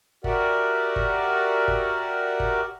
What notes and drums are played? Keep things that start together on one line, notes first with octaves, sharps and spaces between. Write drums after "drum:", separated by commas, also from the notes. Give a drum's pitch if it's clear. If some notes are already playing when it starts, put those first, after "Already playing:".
F#4 G4 A#4 D5 E5 F#5, drum: kick G1
drum: kick G1
drum: kick G1
drum: kick G1